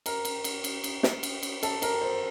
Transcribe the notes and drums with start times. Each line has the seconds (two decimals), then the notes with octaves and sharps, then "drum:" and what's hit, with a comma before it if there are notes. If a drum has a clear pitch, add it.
0.06 A#4, drum: cymbal
0.25 drum: cymbal
0.44 drum: cymbal
0.64 drum: cymbal
0.84 drum: cymbal
1.03 drum: snare
1.23 drum: cymbal
1.43 drum: cymbal
1.63 A4, drum: cymbal
1.82 A#4, drum: cymbal
2.01 C5